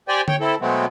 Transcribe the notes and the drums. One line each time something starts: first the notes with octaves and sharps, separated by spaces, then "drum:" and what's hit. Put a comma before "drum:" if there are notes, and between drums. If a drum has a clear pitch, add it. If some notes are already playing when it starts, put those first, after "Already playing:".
G4 C5 D5 G5 G#5
C#5 G5, drum: tom D3
C4 E4 A4
B2 F#3 G#3 A3 B3 C4